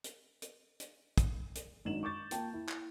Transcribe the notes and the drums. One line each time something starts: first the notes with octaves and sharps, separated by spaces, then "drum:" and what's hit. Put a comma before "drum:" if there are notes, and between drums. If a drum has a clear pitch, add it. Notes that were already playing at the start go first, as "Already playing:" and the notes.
drum: hi-hat
drum: hi-hat
drum: hi-hat
drum: kick, hi-hat
drum: hi-hat
G#1 F#2 D4 D#4 E7 F#7
C#6 D6 G6 A6
A#3 F4 G5 A5, drum: hi-hat
E4
drum: clap